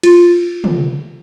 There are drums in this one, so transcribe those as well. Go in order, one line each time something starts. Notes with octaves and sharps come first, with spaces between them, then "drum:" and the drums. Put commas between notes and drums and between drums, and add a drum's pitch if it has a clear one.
F4, drum: cymbal
drum: tom